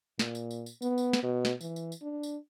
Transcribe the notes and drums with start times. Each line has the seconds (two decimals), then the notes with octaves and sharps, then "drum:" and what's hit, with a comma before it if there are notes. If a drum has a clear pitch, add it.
0.19 A#2, drum: snare
0.35 drum: tambourine
0.51 drum: tambourine
0.66 drum: tambourine
0.82 B3, drum: tambourine
0.98 drum: tambourine
1.13 drum: snare
1.23 B2
1.45 drum: snare
1.61 E3, drum: tambourine
1.76 drum: tambourine
1.92 drum: tambourine
2.02 D4
2.23 drum: tambourine